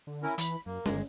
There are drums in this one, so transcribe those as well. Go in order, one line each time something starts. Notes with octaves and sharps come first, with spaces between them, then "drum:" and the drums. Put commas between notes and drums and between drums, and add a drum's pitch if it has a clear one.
D3
C#4 E4 A#4
E3 B5, drum: hi-hat
F#2 A#3
G1 D#3 G#3, drum: snare C#4